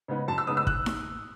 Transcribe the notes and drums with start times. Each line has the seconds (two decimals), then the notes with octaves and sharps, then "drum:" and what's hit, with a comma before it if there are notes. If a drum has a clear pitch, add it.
0.08 C#3 G#3 B3 D#4
0.28 F#2 A5
0.38 E6
0.47 C#3 G#3 B3 D#4 D#6
0.57 E6
0.67 F#6, drum: kick
0.86 drum: snare D#4